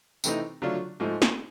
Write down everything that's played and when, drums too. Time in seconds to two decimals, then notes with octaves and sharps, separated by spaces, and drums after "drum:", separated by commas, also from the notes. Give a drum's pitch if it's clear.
0.24 C3 E3 A3 C4 D#4, drum: tambourine
0.62 D3 F#3 A3 D4 F4
1.00 G#2 F3 A3
1.22 drum: snare